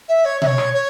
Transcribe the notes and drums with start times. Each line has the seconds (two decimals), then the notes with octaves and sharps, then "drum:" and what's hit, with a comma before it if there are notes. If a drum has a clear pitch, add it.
0.09 E5
0.25 C#5
0.42 E5, drum: tom B2
0.46 C#5
0.58 drum: rim click
0.74 C#5